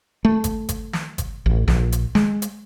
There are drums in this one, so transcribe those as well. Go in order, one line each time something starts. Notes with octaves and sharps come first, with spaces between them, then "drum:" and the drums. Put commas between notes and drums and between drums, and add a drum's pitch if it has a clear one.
A3
drum: kick G1, hi-hat
drum: kick G1, hi-hat
drum: snare
drum: kick G1, hi-hat
A1
A#1, drum: snare
drum: hi-hat
G#3, drum: snare
drum: hi-hat